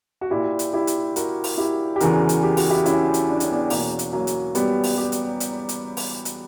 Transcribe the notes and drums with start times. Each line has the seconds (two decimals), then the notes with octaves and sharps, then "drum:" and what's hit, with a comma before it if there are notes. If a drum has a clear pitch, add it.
0.21 F#4
0.30 A#2 E4 G4
0.59 drum: hi-hat
0.73 E4 G4
0.87 drum: hi-hat
1.16 F#4 A#4, drum: hi-hat
1.44 drum: open hi-hat
1.57 E4 G4
1.96 G4
2.00 E2 C#3 E3 F#4 A#4, drum: hi-hat
2.29 drum: hi-hat
2.43 G4
2.57 F#4, drum: open hi-hat
2.70 E4 G4
2.86 C#4 E4, drum: hi-hat
3.14 drum: hi-hat
3.29 D4
3.40 C#4, drum: hi-hat
3.51 B3 D4
3.70 E2 B2 A#3 C#4, drum: open hi-hat
3.99 drum: hi-hat
4.12 F#3 A#3
4.27 drum: hi-hat
4.55 G3 B3, drum: hi-hat
4.84 drum: open hi-hat
4.97 G4
5.12 drum: hi-hat
5.40 drum: hi-hat
5.69 drum: hi-hat
5.97 drum: open hi-hat
6.25 drum: hi-hat